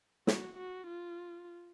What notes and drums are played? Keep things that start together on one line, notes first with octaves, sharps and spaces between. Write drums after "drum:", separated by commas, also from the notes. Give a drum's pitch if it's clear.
F#4, drum: snare
F#4
F4